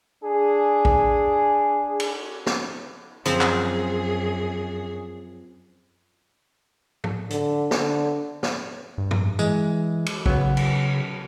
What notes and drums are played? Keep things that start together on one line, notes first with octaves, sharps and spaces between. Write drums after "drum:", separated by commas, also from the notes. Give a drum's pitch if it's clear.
D4 G#4
drum: kick A1
drum: cymbal
drum: snare
F#2 F3 C4 G#4, drum: hi-hat
drum: clap
drum: tom
D3, drum: hi-hat
D3, drum: snare
drum: snare
G2
drum: tom
E3 G#3, drum: tambourine
drum: cymbal
C#3 F#3 B3, drum: kick A1
drum: cymbal